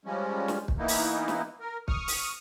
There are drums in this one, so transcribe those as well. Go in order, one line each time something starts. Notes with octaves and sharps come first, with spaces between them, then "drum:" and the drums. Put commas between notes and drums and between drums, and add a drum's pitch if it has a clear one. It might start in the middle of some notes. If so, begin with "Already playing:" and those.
F3 G3 G#3 C#4
drum: snare
drum: kick
E3 A#3 B3 D#4 E4
drum: open hi-hat
drum: snare
A#4
C#6 D#6 F6, drum: kick
drum: open hi-hat